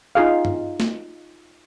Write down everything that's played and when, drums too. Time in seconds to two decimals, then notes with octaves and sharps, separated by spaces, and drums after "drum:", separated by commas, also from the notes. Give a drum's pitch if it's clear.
0.15 D#4 F4 G#4 F5
0.45 drum: tom
0.80 drum: snare